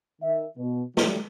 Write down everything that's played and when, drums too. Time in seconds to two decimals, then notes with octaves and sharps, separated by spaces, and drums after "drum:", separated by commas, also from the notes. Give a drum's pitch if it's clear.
0.22 D#3 E5
0.58 B2
0.97 D#3 F#3 G3 A3, drum: snare